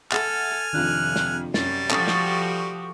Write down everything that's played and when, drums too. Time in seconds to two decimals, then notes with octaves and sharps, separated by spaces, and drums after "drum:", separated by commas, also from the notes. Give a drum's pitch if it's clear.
0.12 A4 E5 F#5 G#5 F6 A6, drum: clap
0.73 F2 C3 D#3 D4 F4 F#6
1.16 drum: snare
1.54 F#2 G3 A6, drum: snare
1.90 F3 F#4 G4 A4 C#6 D#6, drum: clap
2.08 drum: snare